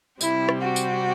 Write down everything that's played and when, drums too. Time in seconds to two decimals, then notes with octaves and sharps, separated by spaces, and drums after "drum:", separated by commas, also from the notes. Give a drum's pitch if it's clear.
0.21 C3 G3 C4 E4 G4, drum: tambourine
0.49 drum: rim click
0.62 F#4
0.76 drum: tambourine